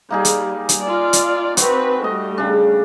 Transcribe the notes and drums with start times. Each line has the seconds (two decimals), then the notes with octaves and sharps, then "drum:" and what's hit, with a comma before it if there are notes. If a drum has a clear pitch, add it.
0.10 G3 A#3 D#4 G#4
0.25 drum: hi-hat
0.69 drum: hi-hat
0.82 F4 D5
1.13 drum: hi-hat
1.57 C4 F#4 B4 C#6, drum: hi-hat
2.04 G3 A3 D#5
2.38 C#3 D4